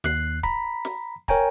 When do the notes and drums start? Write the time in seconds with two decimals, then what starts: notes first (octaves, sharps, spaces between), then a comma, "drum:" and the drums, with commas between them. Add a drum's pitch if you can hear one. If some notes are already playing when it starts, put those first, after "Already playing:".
0.04 D#2 F#6 C7, drum: snare
0.43 A#5 B5 B6, drum: kick
0.85 drum: snare
1.28 A#4 C#5 G5 G#5 A#5, drum: kick